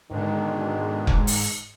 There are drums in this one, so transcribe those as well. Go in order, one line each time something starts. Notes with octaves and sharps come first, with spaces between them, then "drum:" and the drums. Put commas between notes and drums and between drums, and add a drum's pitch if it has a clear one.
G#2 B2 D3 D#3 D4
drum: kick F1
drum: open hi-hat